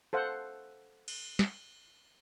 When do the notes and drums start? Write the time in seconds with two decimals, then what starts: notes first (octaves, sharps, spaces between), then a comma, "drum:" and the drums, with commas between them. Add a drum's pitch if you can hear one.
0.13 A4 C5 F5 F#5
1.08 drum: cymbal
1.39 drum: snare